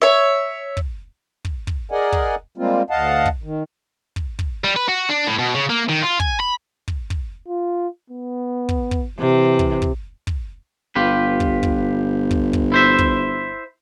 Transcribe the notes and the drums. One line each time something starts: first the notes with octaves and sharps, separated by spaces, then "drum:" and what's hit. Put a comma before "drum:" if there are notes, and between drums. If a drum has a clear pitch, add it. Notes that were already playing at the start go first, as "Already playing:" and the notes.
C#5 E5
drum: kick
drum: kick
drum: kick
G#4 A#4 D5 D#5 F#5 G#5
drum: kick
G3 G#3 A#3 C4 F4
D2 D#5 F5 F#5 A5
drum: kick
D#3
drum: kick
drum: kick
G3
B4
F#4
D4
A2
B2
C#3
A#3
D#3
F4
G#5, drum: kick
B5
drum: kick
drum: kick
F4
B3
drum: kick
drum: kick
C3 E3
drum: kick
drum: kick
drum: kick
G1 F4 G4 B4
drum: kick
drum: kick
drum: kick
drum: kick
E4 C5 E5
drum: kick